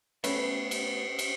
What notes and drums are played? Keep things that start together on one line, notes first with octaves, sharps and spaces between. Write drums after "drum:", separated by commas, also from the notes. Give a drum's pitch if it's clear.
A3 B3 C#4 B4 E5, drum: cymbal
drum: cymbal
drum: cymbal